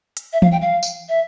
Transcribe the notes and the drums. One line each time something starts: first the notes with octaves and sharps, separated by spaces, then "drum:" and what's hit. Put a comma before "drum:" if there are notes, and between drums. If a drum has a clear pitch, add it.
drum: hi-hat
E5
F5, drum: tom E3
G5
F5
drum: tambourine
E5